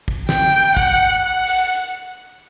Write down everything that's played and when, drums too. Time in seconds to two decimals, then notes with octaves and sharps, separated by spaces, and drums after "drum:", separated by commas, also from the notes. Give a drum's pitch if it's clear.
0.08 drum: kick
0.29 G5, drum: snare
0.77 F#5, drum: kick
1.25 F#5
1.46 drum: open hi-hat
1.75 drum: hi-hat